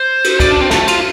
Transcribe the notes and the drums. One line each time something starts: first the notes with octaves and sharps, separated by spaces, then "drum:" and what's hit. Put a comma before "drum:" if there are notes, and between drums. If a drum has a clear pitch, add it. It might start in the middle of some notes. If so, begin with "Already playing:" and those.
Already playing: C5
drum: cymbal
D5, drum: kick, cymbal
D4
C4
A3, drum: snare
F4, drum: cymbal